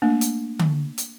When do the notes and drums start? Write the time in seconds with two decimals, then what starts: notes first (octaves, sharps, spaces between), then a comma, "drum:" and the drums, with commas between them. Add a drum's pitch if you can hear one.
0.02 A3 A#3 D4
0.21 drum: hi-hat
0.59 drum: tom D3
0.98 drum: hi-hat